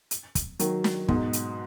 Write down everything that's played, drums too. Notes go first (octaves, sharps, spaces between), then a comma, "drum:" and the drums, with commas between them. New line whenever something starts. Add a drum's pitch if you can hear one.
drum: hi-hat
drum: kick, hi-hat
D#3 F#3, drum: hi-hat
drum: snare
G#2 B2, drum: kick
drum: hi-hat